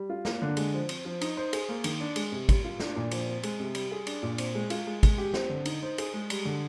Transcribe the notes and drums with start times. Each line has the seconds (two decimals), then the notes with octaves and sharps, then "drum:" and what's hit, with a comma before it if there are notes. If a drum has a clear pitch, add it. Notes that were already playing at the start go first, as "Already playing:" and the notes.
Already playing: G3
0.10 F4
0.25 A#3, drum: snare
0.42 D3
0.57 G#3, drum: cymbal
0.73 F3
0.89 C4, drum: cymbal
1.05 F3
1.21 D#4, drum: cymbal
1.37 C5
1.53 G#4, drum: cymbal
1.69 A#3
1.84 D#3, drum: cymbal
2.00 D4
2.16 G#3, drum: cymbal
2.32 C3
2.49 G3, drum: kick, cymbal
2.64 F4
2.80 D4, drum: snare
2.96 A#2
3.11 F3, drum: cymbal
3.28 C4
3.43 G#3, drum: cymbal
3.59 C3
3.75 G3, drum: cymbal
3.91 G#4
4.07 D4, drum: cymbal
4.23 A#2
4.38 C4, drum: cymbal
4.55 G#3
4.70 F4, drum: cymbal
4.87 G#3
5.03 G#3, drum: kick, cymbal
5.18 G4
5.34 C4, drum: snare
5.50 D3
5.65 D#4, drum: cymbal
5.83 C5
5.98 G#4, drum: cymbal
6.14 G#3
6.30 G3, drum: cymbal
6.45 D3